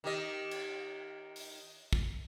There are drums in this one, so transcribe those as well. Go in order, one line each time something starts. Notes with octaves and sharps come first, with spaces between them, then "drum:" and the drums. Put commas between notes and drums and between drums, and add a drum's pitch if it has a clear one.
D#3 G4 D#5
drum: cymbal
drum: open hi-hat
drum: kick